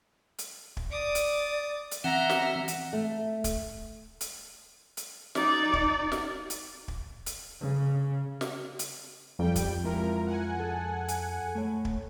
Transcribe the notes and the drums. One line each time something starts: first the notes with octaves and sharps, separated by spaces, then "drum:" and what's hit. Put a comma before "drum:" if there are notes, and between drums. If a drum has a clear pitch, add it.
drum: hi-hat
drum: kick
D5 D6 D#6
drum: hi-hat
drum: hi-hat
E3 C4 E5 F#5 A#5 A#6
drum: snare
drum: hi-hat
A3
drum: kick, hi-hat
drum: hi-hat
drum: hi-hat
D#4 D5, drum: snare
drum: kick
drum: snare
drum: hi-hat
drum: kick
drum: hi-hat
C#3
drum: snare
drum: hi-hat
F2 G3 G5
drum: kick, hi-hat
G#3 E4 F4 A#4
F#5 G#5
G#4 A4
drum: hi-hat
A3 C#5
drum: kick